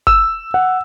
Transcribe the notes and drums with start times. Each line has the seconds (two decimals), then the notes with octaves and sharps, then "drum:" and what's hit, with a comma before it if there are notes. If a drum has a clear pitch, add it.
0.07 E6, drum: kick F#1
0.54 F#5